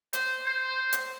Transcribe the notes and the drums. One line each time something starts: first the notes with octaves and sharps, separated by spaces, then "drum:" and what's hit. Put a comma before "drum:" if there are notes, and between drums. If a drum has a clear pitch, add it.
C5, drum: hi-hat
C5
drum: hi-hat